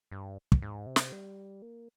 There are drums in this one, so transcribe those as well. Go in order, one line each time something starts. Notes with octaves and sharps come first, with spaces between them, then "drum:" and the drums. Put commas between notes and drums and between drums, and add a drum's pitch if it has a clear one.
G2
drum: kick
G#2
C3
drum: snare
G3
A#3